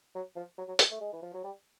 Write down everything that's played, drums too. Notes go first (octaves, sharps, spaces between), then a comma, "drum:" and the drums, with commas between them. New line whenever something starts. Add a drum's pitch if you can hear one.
F#3
F3
F#3
F#3
G3, drum: hi-hat
A3
G#3
E3
F3
F#3
G3